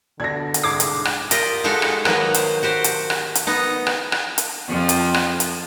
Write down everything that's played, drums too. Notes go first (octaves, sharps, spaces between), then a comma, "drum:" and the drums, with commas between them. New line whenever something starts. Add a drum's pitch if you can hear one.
B2 D3 D4 A4 G#6 A#6
drum: hi-hat
C2 G#2 D6 G#6 C7
drum: hi-hat
drum: rim click
F4 G4 A#4 D5 D#5, drum: hi-hat
G#3 F#4 G4 A4 F5
drum: rim click
D#3 F#3 A#3 A#4 B4, drum: rim click
C5, drum: hi-hat
F#4 G4 C5
drum: hi-hat
drum: rim click
drum: hi-hat
B3 D#4
drum: rim click
drum: rim click
drum: hi-hat
F2 F3
drum: hi-hat
drum: rim click
drum: hi-hat